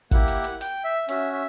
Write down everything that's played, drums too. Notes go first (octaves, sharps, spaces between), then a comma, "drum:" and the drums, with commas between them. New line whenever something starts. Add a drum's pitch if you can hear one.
A#3 E4 G4 F#5, drum: kick, hi-hat
drum: hi-hat
drum: hi-hat
G5, drum: hi-hat
E5
C#4 F#4 E5, drum: hi-hat
E5